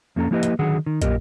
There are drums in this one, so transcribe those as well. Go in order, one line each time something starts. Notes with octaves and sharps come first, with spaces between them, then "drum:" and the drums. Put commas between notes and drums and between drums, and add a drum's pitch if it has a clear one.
F2 A#3 C#4 A4 A#5
F3 A#3 E4 G4 B4 D#5
drum: hi-hat
D3 D#3 F#3 G#4 F#5
D#3
F#2 A#2 G4 A#4 D#5, drum: kick, hi-hat